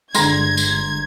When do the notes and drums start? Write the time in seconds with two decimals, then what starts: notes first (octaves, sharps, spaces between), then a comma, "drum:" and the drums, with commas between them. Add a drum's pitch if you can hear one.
0.15 G1 D3 G#3 A#5 C6 G#6, drum: tambourine
0.57 drum: tambourine